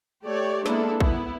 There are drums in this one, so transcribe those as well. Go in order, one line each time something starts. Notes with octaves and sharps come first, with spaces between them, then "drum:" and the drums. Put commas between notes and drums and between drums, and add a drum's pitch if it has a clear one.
A3 G4 C#5 D5
G#3 A#3 B3 D4 E4 A4, drum: snare
B3 E4, drum: kick